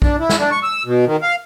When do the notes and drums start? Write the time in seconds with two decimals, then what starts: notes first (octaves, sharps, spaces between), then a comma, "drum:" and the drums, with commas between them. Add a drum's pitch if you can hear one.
0.02 D4, drum: kick
0.20 E4
0.29 drum: snare
0.39 D4
0.51 C#6
0.63 E6
0.85 B2
1.06 D#3
1.22 F5